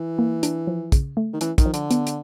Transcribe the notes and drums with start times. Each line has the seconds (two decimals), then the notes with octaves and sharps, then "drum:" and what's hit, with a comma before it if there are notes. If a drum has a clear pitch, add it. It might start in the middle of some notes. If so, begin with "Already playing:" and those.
Already playing: E3
0.19 A#3
0.43 D4, drum: hi-hat
0.67 F3
0.92 C#3, drum: kick, hi-hat
1.17 A3
1.33 D#3
1.41 E3 C#4, drum: hi-hat
1.58 D#3, drum: kick, hi-hat
1.66 F3
1.74 D3, drum: hi-hat
1.91 B3, drum: hi-hat
2.07 drum: hi-hat